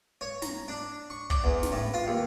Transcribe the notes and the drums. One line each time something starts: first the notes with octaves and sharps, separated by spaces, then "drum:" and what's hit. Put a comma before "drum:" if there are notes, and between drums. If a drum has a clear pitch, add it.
C#5
A#5, drum: snare
D4
C#6
D5, drum: kick
E2
drum: snare
A2
F4
D#2